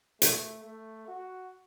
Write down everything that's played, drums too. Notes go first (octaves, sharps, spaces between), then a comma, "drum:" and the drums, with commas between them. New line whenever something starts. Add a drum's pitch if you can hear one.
A3, drum: hi-hat
A3
F#4